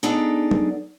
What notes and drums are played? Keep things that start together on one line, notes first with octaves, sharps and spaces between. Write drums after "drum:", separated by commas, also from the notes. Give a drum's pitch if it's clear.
B3 D4 D#4 G#4 A4 D5
drum: tom F#3